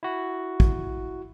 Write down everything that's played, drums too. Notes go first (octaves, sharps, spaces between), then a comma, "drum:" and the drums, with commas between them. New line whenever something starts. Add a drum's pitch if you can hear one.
E4 F#4
drum: kick